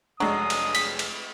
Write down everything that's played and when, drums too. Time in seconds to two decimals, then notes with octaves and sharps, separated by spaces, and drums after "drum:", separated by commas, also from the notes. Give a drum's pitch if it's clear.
0.20 F1 F#3 G#3 D4 D#6
0.50 drum: cymbal
0.75 B6, drum: cymbal
0.99 drum: cymbal